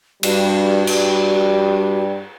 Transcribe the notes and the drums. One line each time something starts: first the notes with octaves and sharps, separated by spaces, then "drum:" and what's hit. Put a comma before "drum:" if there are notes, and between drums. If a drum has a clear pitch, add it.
G2 G3 F#4, drum: cymbal
G2 G3, drum: cymbal